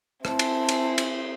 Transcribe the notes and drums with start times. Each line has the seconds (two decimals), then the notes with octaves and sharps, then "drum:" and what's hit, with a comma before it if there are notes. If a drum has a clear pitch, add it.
0.25 C4 E4 A5, drum: rim click
0.39 drum: cymbal
0.69 drum: cymbal
0.98 drum: cymbal